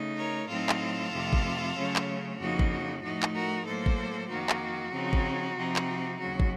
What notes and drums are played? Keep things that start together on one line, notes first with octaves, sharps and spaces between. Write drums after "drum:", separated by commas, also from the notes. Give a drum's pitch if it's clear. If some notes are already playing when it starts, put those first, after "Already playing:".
Already playing: C#3 A3 D#4
A#4 C#5
A2 F#3 C4 D#4 F4 A4
drum: clap
F2 C3 D#3 A3
drum: kick
C#3 F#3 A3 C#4
drum: clap
F2 C#3 F3 A#3 D#4 F#4
drum: kick
F#4
A2 F3 A3 D#4 F#4
drum: clap
F#4 A#4
A2 F#3 A#3 A4 C5
drum: kick
F2 D#3 A#3 D#4 F#4
drum: clap
C#3 F3 C4 D#4
drum: kick
C3 F3 C4 D#4
drum: clap
D#2 C#3 F#3 F#4
drum: kick